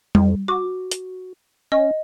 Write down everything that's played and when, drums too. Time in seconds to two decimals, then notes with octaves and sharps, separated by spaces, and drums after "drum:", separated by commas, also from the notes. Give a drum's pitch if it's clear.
0.15 F2, drum: tom G3
0.48 F#4 D6
0.91 drum: hi-hat
1.72 C#4 D#5